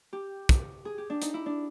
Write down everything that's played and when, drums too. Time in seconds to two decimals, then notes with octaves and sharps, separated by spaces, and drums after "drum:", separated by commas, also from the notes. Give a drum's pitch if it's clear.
0.13 G4
0.49 drum: kick, hi-hat
0.85 G#4
0.98 G4
1.10 D4
1.22 D#4, drum: hi-hat
1.34 E4
1.46 D4